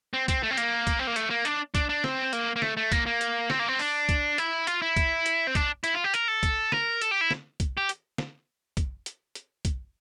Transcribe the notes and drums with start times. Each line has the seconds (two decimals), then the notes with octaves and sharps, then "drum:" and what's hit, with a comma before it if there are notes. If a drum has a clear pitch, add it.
0.14 C4
0.28 C4, drum: kick, hi-hat
0.43 A3
0.51 C4
0.57 A#3, drum: hi-hat
0.87 drum: kick, hi-hat
0.99 C4
1.07 A#3
1.16 A3, drum: hi-hat
1.30 A#3
1.45 D4, drum: hi-hat
1.75 D4, drum: kick, hi-hat
1.89 D4
2.04 C4, drum: snare
2.33 A#3, drum: hi-hat
2.56 A#3
2.62 A3, drum: snare
2.77 A3
2.92 A#3, drum: kick, hi-hat
3.06 A#3
3.21 drum: hi-hat
3.50 C4, drum: snare
3.59 A#3
3.68 C4
3.79 D4, drum: open hi-hat
4.09 drum: kick, hi-hat
4.38 E4, drum: hi-hat
4.67 F4, drum: hi-hat
4.82 E4
4.96 drum: kick, hi-hat
5.26 drum: hi-hat
5.47 C4
5.55 D4, drum: kick, hi-hat
5.84 E4, drum: hi-hat
5.94 F4
6.04 G4
6.14 A#4, drum: hi-hat
6.28 A4
6.43 drum: kick, hi-hat
6.72 A#4, drum: snare
7.01 A4, drum: hi-hat
7.11 G4
7.21 E4
7.31 drum: snare
7.60 drum: kick, hi-hat
7.77 G4
7.89 drum: hi-hat
8.18 drum: snare
8.77 drum: kick, hi-hat
9.06 drum: hi-hat
9.35 drum: hi-hat
9.65 drum: kick, hi-hat